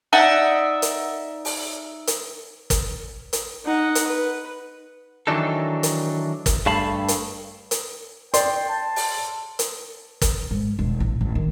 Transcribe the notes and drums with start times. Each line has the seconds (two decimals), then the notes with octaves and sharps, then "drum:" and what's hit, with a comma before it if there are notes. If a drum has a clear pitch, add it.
0.13 D#4 D5 E5 F#5
0.82 drum: hi-hat
1.45 drum: open hi-hat
2.07 drum: hi-hat
2.70 drum: kick, hi-hat
3.33 drum: hi-hat
3.65 D#4 F#5
3.95 drum: hi-hat
4.07 B4
5.27 D#3 E3 F#3 D4 D#4 A4
5.83 drum: hi-hat
6.46 drum: kick, hi-hat
6.66 G2 A3 F5 A5 B5
7.08 drum: hi-hat
7.71 drum: hi-hat
8.34 D5 G5 C6, drum: hi-hat
8.69 A5
8.96 drum: open hi-hat
9.59 drum: hi-hat
10.21 drum: kick, hi-hat
10.51 G#2
10.79 E1
11.00 A1
11.21 A1
11.35 D#3